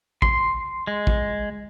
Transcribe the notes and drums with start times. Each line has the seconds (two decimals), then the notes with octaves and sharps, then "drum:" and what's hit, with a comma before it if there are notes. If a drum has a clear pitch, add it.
0.22 C6, drum: kick
0.87 G#3
1.07 drum: kick